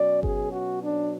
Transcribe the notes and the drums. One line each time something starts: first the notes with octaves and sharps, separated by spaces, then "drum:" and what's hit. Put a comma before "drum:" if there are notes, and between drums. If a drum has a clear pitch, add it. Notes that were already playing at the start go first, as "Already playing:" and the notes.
Already playing: B2 F#3 C#4 D5
G#4, drum: kick G1
F#4
D4